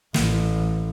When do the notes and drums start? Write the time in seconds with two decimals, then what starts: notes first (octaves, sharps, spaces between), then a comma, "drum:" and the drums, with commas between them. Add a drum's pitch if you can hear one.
0.14 A1, drum: snare